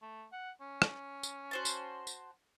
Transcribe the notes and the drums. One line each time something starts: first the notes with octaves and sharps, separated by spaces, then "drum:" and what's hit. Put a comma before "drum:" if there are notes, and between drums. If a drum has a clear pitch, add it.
A3
F#5
C#4
drum: rim click
drum: tambourine
F#4 C5 A5
drum: tambourine
drum: tambourine